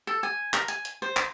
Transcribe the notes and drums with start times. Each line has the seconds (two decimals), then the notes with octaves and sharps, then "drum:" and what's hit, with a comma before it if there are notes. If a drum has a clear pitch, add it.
0.07 A4
0.23 G#5
0.53 A#4, drum: clap
0.68 G#5, drum: hi-hat
0.85 drum: hi-hat
1.02 C5
1.17 drum: clap